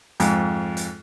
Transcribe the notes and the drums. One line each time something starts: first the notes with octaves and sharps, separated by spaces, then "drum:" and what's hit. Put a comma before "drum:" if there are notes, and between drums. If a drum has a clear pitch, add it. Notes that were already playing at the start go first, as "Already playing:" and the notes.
F2 G#2, drum: hi-hat
drum: hi-hat